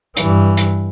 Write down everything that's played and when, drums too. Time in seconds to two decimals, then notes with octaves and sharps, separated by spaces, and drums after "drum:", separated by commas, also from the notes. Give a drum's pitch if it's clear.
0.17 G2 E3, drum: hi-hat
0.57 drum: hi-hat